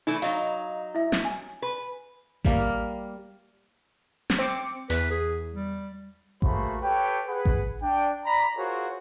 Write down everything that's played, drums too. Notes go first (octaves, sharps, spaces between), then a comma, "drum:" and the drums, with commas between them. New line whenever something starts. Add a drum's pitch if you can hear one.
E3 A3 D#4 E4
F#3 D#4 D#5 F5, drum: hi-hat
E4 E5
drum: snare
G#5
B4
G3 A#3, drum: kick A1
drum: snare
C4 D6 C#7
E2 B4, drum: hi-hat
G#4
G3
A3 A#3 F#4 G#4 C5 B5, drum: kick A1
G4 A4 B4 C#5 G5
G#4 B4 F#5
drum: kick A1
D4 G5
D5 A#5 B5
F4 F#4 G#4 A#4 C5 C#5